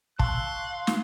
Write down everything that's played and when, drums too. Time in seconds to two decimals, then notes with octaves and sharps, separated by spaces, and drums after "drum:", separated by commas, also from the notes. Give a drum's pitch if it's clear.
0.20 F5 A5 C6 C#6 E6 F#6, drum: kick
0.87 drum: snare